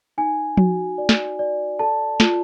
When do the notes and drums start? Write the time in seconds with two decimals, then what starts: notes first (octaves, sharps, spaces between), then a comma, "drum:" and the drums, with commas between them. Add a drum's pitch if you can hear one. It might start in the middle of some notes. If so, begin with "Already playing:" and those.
0.18 D#4 G#5
0.57 F#4, drum: tom F3
0.98 D5
1.09 drum: snare
1.39 D5
1.79 A4 A5
2.20 F4, drum: snare